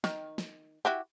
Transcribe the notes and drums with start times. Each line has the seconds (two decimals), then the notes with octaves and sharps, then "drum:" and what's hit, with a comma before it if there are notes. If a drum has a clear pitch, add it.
0.04 D#3, drum: snare
0.38 drum: snare
0.85 E4 F#4 G4